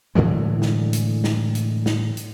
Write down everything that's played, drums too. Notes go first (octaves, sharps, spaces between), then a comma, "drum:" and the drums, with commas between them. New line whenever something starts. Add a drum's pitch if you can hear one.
A2 D3 E3 G#3
drum: snare
drum: hi-hat
drum: snare
drum: hi-hat
drum: snare
drum: hi-hat